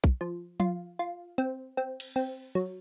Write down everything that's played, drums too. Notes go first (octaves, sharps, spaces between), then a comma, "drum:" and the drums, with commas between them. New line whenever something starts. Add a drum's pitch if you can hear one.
drum: kick
F3
F4, drum: tom F3
F4
C4
C4
drum: cymbal
C4
F#3